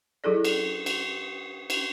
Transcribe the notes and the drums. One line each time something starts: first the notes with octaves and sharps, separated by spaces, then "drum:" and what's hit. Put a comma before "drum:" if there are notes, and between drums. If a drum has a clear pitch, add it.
F#3 E4 G#4 A4 D5
drum: cymbal
drum: cymbal
drum: cymbal